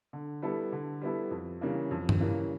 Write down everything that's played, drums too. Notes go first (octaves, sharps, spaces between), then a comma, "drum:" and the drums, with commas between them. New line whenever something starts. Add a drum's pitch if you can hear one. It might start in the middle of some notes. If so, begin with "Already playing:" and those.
D3
G3 B3 E4 A4
D3
G3 B3 E4 A4
F2
C#3 E3 G3 A#3
F2
drum: tom G2
C#3 E3 G3 A#3